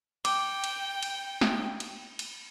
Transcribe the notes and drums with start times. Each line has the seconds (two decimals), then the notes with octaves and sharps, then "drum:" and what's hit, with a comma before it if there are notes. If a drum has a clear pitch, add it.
0.25 G5 D6, drum: cymbal
0.64 drum: cymbal
1.03 drum: cymbal
1.41 drum: snare
1.80 drum: cymbal
2.19 drum: cymbal